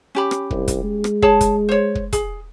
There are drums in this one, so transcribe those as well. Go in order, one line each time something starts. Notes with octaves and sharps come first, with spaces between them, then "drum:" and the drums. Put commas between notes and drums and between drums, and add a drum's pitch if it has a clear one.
C#4 G4 B5
drum: rim click
C2, drum: kick
drum: kick, hi-hat
G#3
drum: rim click
G#4 C#5 A5, drum: kick
drum: kick, hi-hat
C5 C#5
drum: kick
G#4, drum: kick, hi-hat